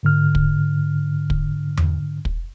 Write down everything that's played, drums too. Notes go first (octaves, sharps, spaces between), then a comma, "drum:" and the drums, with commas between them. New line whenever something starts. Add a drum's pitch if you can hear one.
G#2 D3 F6
drum: kick
drum: kick
drum: tom E2
drum: kick